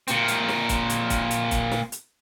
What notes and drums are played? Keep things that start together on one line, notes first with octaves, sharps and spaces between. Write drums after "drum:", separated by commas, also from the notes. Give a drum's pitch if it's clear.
A#2 C4, drum: hi-hat
drum: hi-hat
drum: snare
drum: kick, hi-hat
drum: hi-hat
drum: kick, hi-hat
drum: hi-hat
drum: kick, hi-hat
drum: snare
drum: hi-hat